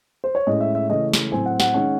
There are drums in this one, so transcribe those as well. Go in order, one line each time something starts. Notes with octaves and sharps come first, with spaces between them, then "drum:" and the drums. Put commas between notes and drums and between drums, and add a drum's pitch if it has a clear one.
C5
C#5
A2 G#3 C#4 D#5
E5
E5
C#3 E3 A3 C#4 D#5
drum: snare
A2 F#3 C4 G#5
F#5
F#5, drum: snare
D#3 G#3 C#4